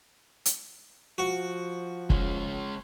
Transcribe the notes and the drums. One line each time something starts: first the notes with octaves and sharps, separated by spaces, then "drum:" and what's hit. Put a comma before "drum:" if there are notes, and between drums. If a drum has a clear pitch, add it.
drum: hi-hat
F3 F#4
G#3 C#4, drum: kick